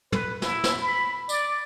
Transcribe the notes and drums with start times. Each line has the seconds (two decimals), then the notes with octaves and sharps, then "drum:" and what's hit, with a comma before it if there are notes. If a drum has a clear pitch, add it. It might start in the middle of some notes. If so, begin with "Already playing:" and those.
0.12 B4, drum: tom
0.42 E4, drum: snare
0.64 drum: snare
0.82 B5
1.29 D5, drum: tambourine